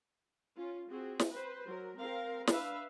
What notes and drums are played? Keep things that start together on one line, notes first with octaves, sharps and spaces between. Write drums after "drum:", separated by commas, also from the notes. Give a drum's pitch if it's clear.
C#4 F4
C4 F#4 G#4
drum: snare
B4 C5
F#3 A#4
C4 A#4 F5
D4 B4 E5 F5, drum: snare